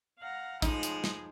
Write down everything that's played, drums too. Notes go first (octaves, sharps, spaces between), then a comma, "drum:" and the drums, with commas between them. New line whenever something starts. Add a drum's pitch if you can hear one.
F5 F#5 A#5
A2 F3 G#3 D#4, drum: kick, hi-hat
drum: hi-hat
drum: snare